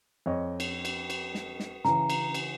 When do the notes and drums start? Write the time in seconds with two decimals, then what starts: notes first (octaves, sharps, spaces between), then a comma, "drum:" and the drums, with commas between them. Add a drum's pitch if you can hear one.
0.26 F2 C#5 D#5
0.60 drum: cymbal
0.85 drum: cymbal
1.10 drum: cymbal
1.35 drum: snare
1.60 drum: snare
1.85 C#3 E3 A#5, drum: snare
2.10 drum: cymbal
2.34 drum: cymbal